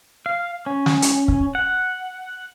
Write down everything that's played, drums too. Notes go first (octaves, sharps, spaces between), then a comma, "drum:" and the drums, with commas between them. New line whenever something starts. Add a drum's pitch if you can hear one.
F5
C#4
drum: snare
drum: hi-hat
drum: kick
F#5